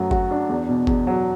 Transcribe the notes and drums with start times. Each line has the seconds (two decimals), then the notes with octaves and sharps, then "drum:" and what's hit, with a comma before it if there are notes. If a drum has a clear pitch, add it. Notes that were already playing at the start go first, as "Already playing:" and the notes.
Already playing: F#2 F#3 A3
0.11 F#4, drum: kick G1
0.31 D4
0.49 E2
0.69 B2
0.87 E2, drum: kick G1
1.07 F#3